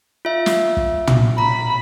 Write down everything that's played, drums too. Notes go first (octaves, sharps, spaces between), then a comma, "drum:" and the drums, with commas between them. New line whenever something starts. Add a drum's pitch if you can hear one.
F4 E5
drum: snare
drum: kick
drum: tom
A#5 B5